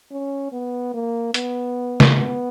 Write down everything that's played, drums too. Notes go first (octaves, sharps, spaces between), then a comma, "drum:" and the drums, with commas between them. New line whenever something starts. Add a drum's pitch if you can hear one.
C#4
B3
A#3
B3, drum: hi-hat
drum: snare C#3
B3